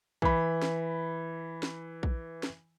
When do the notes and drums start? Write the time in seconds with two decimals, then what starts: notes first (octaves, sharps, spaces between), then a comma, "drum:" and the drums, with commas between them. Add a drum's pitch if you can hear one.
0.22 E3 B5, drum: kick A#1
0.62 drum: snare
1.63 drum: snare
2.03 drum: kick A#1
2.43 drum: snare